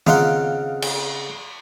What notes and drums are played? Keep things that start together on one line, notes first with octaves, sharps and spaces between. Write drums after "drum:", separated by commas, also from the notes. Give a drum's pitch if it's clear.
C#3 C4 D#4 F4 F#5 C6, drum: tom D#3
drum: cymbal